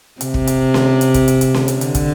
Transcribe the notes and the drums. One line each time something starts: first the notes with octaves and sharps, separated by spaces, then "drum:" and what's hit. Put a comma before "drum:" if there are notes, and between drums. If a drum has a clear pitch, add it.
C3, drum: hi-hat
drum: kick
drum: hi-hat
drum: snare C#4
drum: hi-hat
drum: kick, hi-hat
drum: hi-hat
drum: hi-hat
drum: snare C#4
drum: hi-hat
D3, drum: hi-hat
drum: kick, hi-hat